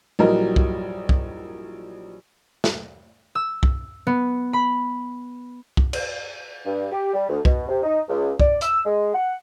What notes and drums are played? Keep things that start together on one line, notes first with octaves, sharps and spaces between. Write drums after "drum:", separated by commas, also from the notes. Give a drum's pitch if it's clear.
A#1 E3 F#3 G3 A#4 D#5
drum: kick C2
drum: kick C2
drum: snare
E6
drum: kick C2
B3
B5
drum: kick C2
drum: cymbal
G2
G4
G3
D2
B2, drum: kick C2
C3
D#4
C#2
D5, drum: kick C2
E6, drum: hi-hat
G#3
F#5